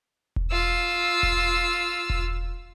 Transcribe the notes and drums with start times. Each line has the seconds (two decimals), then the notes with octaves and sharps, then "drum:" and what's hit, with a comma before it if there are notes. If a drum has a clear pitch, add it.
0.36 drum: kick E1
0.51 F4 E6
1.23 drum: kick E1
2.10 drum: kick E1